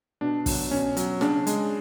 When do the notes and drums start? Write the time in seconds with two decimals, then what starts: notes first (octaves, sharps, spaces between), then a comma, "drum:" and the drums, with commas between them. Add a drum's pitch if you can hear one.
0.21 B2 D4
0.46 F#3, drum: kick, open hi-hat
0.71 B2 C#4
0.97 F#3, drum: hi-hat
1.21 C#3 D4, drum: snare
1.47 G#3, drum: hi-hat